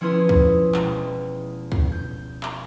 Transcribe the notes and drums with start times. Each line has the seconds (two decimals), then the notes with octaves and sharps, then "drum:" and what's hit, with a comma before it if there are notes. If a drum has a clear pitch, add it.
0.01 F3 C#4 E4 B4 C6 D#6
0.29 drum: kick C#2
0.74 E1, drum: clap
1.72 drum: kick C#2
1.92 G6
2.43 drum: clap